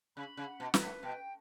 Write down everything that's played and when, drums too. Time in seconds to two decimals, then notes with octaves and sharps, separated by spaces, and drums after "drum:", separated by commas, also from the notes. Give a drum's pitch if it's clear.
0.16 C#3 B5
0.37 C#3
0.45 F#5
0.60 B2
0.74 B4, drum: snare
0.81 A2
1.03 B2 G5